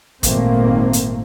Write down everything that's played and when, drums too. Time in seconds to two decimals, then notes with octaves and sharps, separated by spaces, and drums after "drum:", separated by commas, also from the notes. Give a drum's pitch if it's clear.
0.23 G#1 A#2 D#3 A3 A#3 C4, drum: kick, hi-hat
0.93 drum: hi-hat